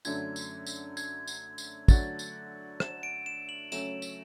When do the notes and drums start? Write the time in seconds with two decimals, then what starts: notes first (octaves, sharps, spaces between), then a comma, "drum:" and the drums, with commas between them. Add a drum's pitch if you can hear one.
0.05 F#2 D3 F#3 A3 D4 G#6, drum: tambourine
0.36 drum: tambourine
0.66 drum: tambourine
0.97 G#6, drum: tambourine
1.27 drum: tambourine
1.58 drum: tambourine
1.88 D3 F#3 A3 D4 F#4 A6, drum: kick, tambourine
2.19 drum: tambourine
2.80 E7, drum: rim click
3.03 D7
3.26 E7
3.49 F#7
3.72 C#3 F#3 A3 C#4 E7, drum: tambourine
4.02 drum: tambourine